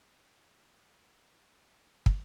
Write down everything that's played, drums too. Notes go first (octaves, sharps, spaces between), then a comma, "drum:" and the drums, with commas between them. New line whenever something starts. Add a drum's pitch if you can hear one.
A#4
G#3
D5
A4
A#4
A#3
drum: kick